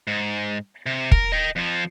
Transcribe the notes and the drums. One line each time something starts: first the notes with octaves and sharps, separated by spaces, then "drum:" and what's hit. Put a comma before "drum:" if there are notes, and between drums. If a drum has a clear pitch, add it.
G#2
C3
A#4, drum: kick
D#5 G5
F2 F3